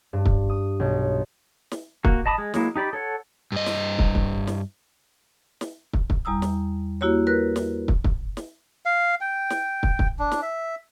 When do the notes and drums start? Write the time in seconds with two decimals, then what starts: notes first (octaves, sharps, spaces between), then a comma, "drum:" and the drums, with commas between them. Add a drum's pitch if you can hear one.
0.13 G2
0.25 drum: kick
0.50 D#6
0.80 B1
1.72 drum: snare
2.05 A#3 F#4, drum: kick
2.26 D#5 A5 B5 D6 D#6
2.38 G#3
2.54 F#3 G#3 A#3 E4, drum: snare
2.76 D#4 G4 D5 B5
2.93 A4 C#5 F#5
3.52 G2 D#5
3.66 drum: snare
3.99 drum: kick
4.15 drum: kick
4.47 drum: snare
5.61 drum: snare
5.93 drum: kick
6.10 drum: kick
6.25 E2 G3 A#5 D#6 E6
6.42 drum: snare
7.01 A#3 E4 F#4 G4 C#5
7.27 A#4 B4 F#6
7.56 drum: snare
7.88 drum: kick
8.04 drum: kick
8.37 drum: snare
8.85 F5
9.21 G5
9.50 drum: snare
9.83 drum: kick
9.99 drum: kick
10.19 D4
10.32 drum: snare
10.42 E5